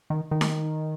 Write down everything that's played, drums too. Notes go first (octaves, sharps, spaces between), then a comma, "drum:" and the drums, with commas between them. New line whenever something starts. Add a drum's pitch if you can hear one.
D#3
D#3
drum: snare D#4